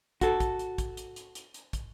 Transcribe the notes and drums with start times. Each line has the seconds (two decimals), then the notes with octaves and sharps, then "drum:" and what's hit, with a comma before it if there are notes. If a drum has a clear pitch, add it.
0.21 F#4 A4, drum: kick, hi-hat
0.40 drum: kick, hi-hat
0.59 drum: hi-hat
0.78 drum: kick, hi-hat
0.97 drum: hi-hat
1.16 drum: hi-hat
1.35 drum: hi-hat
1.54 drum: hi-hat
1.73 drum: kick, hi-hat